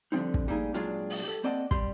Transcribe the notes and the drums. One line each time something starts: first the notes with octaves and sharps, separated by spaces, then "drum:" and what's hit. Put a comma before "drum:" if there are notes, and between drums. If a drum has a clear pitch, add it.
D3 F3 G3 G#3 C4 D#4
drum: kick
G3 A3 A#3 D#4 G#4
A#2 F#3 G#3 D4 F4 G4
drum: open hi-hat
G4 A4
A#3 C4 D5 D#5 F#5 A5
G3 C6, drum: kick